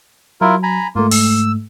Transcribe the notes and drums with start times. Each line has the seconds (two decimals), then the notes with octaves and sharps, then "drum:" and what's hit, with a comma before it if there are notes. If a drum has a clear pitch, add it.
0.41 F#3 E4 F4 A#4
0.63 G#5 A#5 B5
0.95 G#2 A3 A#3 F4
1.11 E6, drum: open hi-hat